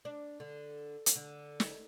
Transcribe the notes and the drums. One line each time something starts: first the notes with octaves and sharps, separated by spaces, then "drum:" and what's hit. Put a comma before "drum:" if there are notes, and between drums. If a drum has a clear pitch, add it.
D4
D3
drum: hi-hat
D3
drum: snare